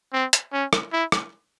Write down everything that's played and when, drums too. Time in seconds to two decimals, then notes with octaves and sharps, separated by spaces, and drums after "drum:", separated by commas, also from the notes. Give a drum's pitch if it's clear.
0.13 C4
0.33 drum: hi-hat
0.53 C#4
0.73 drum: rim click
0.92 E4
1.12 drum: rim click